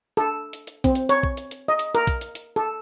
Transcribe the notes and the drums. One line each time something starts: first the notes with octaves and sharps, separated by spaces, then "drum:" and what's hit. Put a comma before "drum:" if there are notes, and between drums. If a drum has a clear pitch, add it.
A4
drum: hi-hat
drum: hi-hat
C4, drum: kick, hi-hat
drum: hi-hat
C#5, drum: hi-hat
drum: kick
drum: hi-hat
drum: hi-hat
D#5
drum: hi-hat
A#4, drum: hi-hat
drum: kick, hi-hat
drum: hi-hat
drum: hi-hat
A4